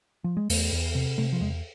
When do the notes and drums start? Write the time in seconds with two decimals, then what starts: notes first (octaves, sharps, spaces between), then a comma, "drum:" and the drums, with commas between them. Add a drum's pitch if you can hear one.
0.24 F3
0.37 G#3
0.50 E2 A3, drum: open hi-hat
0.72 E2
0.95 C3
1.18 C3 A3
1.33 F3
1.41 E2 G#3